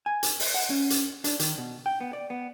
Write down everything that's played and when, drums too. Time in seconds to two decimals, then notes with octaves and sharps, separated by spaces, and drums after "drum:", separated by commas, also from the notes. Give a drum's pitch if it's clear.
0.06 G#5
0.23 drum: hi-hat
0.40 drum: open hi-hat
0.54 F#5
0.70 C#4
0.90 drum: hi-hat
1.24 D4, drum: hi-hat
1.39 D#3, drum: hi-hat
1.58 B2
1.86 G5
2.01 B3
2.13 D5
2.30 B3